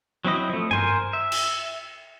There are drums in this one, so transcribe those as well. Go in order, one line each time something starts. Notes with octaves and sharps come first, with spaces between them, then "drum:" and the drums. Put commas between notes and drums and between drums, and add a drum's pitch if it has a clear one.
F#3 C4 E4 D#5
F3 A3
A#4 C5 G#5, drum: tom G2
E5
drum: cymbal